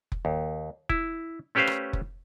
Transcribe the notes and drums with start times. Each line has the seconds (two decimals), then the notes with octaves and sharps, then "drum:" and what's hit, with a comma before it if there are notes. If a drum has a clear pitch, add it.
0.12 drum: kick F1
0.25 D#2
0.89 E4, drum: kick F1
1.55 A3 C#4 G4 B4 C5 F5
1.67 drum: rim click
1.93 drum: kick F1